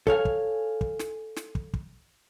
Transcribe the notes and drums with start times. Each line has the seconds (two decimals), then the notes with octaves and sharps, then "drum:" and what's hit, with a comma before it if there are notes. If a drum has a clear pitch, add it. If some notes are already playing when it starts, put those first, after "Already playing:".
0.07 A4 C#5 F5 G#5, drum: kick
0.25 drum: kick
0.81 drum: kick
0.99 drum: snare
1.36 drum: snare
1.55 drum: kick
1.74 drum: kick